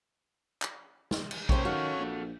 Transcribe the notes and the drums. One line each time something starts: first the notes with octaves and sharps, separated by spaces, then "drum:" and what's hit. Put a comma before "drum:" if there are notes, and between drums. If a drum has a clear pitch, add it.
drum: clap
drum: snare
drum: cymbal
C3 A#3 C#4 C5 G5, drum: kick A#1
D#3 F#4 A4 F5
A#1